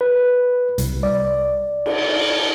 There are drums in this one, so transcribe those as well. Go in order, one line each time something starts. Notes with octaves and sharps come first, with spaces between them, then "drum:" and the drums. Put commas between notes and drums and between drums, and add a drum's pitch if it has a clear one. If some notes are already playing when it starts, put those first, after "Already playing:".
B4
C2, drum: hi-hat
D5
drum: cymbal